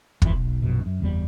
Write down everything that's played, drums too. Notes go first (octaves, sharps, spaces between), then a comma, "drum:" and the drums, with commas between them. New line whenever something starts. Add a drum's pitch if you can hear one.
F2 G#2 B2 E3, drum: kick
B1
A#1 F#2 B2
F#2
F#1 E2 G3 B3